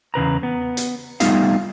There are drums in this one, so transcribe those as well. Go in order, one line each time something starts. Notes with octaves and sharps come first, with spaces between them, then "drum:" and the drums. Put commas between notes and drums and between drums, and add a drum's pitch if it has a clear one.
E2 C#3 B4 A#5
B3
drum: hi-hat
G3 A3 B3 D#4 F4 F5, drum: hi-hat